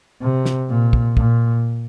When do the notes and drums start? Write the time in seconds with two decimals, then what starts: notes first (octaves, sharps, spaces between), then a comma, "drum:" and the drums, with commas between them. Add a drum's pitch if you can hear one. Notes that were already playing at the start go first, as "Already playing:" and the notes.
0.21 C3
0.45 drum: snare
0.69 A#2
0.93 drum: kick
1.17 A#2, drum: kick